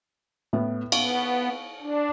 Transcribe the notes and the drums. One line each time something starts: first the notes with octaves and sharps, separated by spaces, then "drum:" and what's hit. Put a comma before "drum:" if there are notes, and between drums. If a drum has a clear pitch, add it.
A2 B3
B3 F5 C#6, drum: cymbal
D4